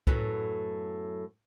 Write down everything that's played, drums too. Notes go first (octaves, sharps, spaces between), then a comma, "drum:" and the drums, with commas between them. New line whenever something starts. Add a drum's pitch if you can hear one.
F#2 A2 B3, drum: kick